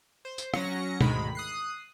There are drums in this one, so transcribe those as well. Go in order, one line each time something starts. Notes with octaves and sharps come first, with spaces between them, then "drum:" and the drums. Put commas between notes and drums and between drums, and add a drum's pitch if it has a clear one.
C5
drum: tambourine
F#3 C#4 A#6 C#7, drum: rim click
D2 G#2 D#3 G#3 A#4 B5, drum: tom B2
D#6 F#6 C7